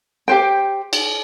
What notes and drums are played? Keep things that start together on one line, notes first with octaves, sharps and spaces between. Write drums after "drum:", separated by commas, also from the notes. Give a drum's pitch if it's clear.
G4 C5 G5
drum: cymbal